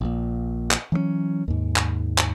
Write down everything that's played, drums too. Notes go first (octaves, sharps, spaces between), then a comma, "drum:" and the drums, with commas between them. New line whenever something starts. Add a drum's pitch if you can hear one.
A#1 A#2
drum: clap
E3 F#3 A3 C#4
D#2 G#2
drum: clap
drum: clap